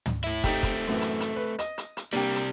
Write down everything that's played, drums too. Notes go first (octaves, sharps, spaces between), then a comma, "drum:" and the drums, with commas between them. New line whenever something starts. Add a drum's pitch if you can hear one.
drum: tom
A2 E4
A3 C4 D#4 G4, drum: kick, hi-hat
drum: kick, hi-hat
F#2 A2 E3
drum: hi-hat
drum: hi-hat
B4
D#5, drum: hi-hat
drum: hi-hat
drum: hi-hat
C3 G3 A#3 D4 G4
drum: hi-hat